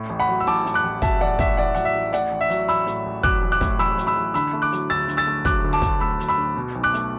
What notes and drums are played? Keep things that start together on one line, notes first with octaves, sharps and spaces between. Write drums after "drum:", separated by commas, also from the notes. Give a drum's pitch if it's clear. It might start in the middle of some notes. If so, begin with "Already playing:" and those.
Already playing: A2
A1
F#5 B5
F#3
E6
A1 A5 D6
A2, drum: hi-hat
D6 F#6
A1
F#3 E5 A5, drum: kick, hi-hat
A1 D5 F#5
A2 E5, drum: kick, hi-hat
A1 D5 F#5
F#3 F#5, drum: hi-hat
E5
A1
A2 D5 F#5, drum: hi-hat
A1
E5
F#3, drum: hi-hat
A1 B5 E6
A2, drum: hi-hat
A1
F#3 D6 F#6, drum: kick
A1
D6 F#6
A2, drum: kick, hi-hat
A1 B5 E6
F#3, drum: hi-hat
B5 E6
A1
D3 B5 E6, drum: hi-hat
A3
D6 F#6
F#3, drum: hi-hat
D2 E6 A6
D3, drum: hi-hat
E6 A6
A3
F#3 D6 F#6, drum: kick, hi-hat
D2
A5 D6
D3, drum: kick, hi-hat
A3 B5 E6
F#3, drum: hi-hat
B5 E6
D2
B2
B1
D6 F#6
A3, drum: hi-hat